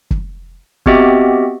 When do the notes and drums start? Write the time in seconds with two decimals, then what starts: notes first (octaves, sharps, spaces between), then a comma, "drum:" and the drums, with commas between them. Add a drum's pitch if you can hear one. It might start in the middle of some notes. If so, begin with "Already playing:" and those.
0.11 drum: kick
0.86 B3 C4 F#4 G4 D#5 E5, drum: kick